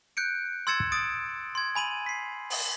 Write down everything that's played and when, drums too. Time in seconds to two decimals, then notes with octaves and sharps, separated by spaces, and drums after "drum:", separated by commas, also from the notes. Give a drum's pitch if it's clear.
0.17 F#6 G6 C#7 D7
0.67 C6 E6 G#6 A6 C#7 E7
0.80 drum: kick
0.92 D#6 A6 D7
1.55 C6 G#6
1.75 G#5 B5 D#7 F#7
2.06 B6 C7
2.50 drum: open hi-hat